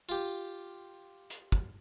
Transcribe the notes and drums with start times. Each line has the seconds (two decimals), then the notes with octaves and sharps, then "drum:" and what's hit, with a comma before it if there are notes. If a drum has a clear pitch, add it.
0.09 F4 G4
1.30 drum: hi-hat
1.52 drum: kick